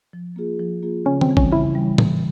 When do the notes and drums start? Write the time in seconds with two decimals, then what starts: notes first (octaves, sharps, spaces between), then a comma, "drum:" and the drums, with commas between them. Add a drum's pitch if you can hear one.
0.13 F3
0.36 A#3 F4 G#4
0.60 F3
0.83 A#3 F4 G#4
1.06 C#3 C#4
1.21 C4, drum: tom D#3
1.29 E3 G3
1.37 C#4, drum: kick G#1
1.52 C#3 E4
1.75 E3 G3
1.98 E3, drum: tom